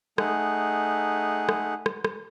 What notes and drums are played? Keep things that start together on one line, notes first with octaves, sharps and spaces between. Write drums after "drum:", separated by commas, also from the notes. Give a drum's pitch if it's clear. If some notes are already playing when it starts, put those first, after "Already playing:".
A3 D#4 G#4 F#5, drum: rim click
drum: rim click
drum: rim click
drum: rim click